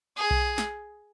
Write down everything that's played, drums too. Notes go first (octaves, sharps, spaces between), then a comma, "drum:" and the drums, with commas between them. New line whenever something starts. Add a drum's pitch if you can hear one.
G#4
drum: kick B1
drum: snare